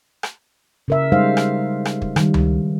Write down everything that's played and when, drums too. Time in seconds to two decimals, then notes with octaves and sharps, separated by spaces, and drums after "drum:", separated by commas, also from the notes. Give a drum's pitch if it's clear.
0.23 drum: rim click
0.88 C#3 A#4 E5
1.12 G3 G#3 D#4 C5 F5
1.37 drum: rim click
1.85 drum: rim click
2.02 drum: kick
2.16 D#3 G3, drum: rim click
2.34 drum: tom C#2